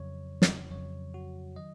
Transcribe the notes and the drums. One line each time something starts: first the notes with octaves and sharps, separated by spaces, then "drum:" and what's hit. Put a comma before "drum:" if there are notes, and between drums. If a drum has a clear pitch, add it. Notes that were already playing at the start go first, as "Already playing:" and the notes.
Already playing: F2 C#3 F#3 C#5
drum: snare
F2 C#3 F#3 C#5
F#4
D#3 F#3 D#5